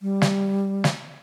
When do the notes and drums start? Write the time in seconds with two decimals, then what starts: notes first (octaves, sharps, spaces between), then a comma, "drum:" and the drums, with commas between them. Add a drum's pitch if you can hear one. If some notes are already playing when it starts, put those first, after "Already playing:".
0.01 G3
0.22 drum: snare
0.84 drum: snare